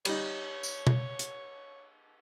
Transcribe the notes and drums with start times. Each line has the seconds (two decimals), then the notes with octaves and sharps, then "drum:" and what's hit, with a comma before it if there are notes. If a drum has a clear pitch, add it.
0.05 G3 D#4 C#5, drum: cymbal
0.63 drum: tambourine
0.87 drum: tom B2
1.19 drum: hi-hat